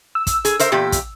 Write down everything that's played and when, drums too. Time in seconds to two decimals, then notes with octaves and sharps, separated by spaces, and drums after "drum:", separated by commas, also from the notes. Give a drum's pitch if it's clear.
0.15 E6
0.27 drum: kick, hi-hat
0.45 G#4, drum: hi-hat
0.59 A#4 C5 E5, drum: hi-hat
0.72 E2 A#2 G4
0.92 drum: kick, hi-hat